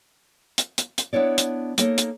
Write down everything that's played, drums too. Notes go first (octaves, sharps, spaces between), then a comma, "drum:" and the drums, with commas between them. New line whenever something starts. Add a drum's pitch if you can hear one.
drum: hi-hat
drum: hi-hat
drum: hi-hat
B3 D4 E4 C#5 D5
drum: hi-hat
A#3 D#4 A4 C#5, drum: hi-hat
drum: hi-hat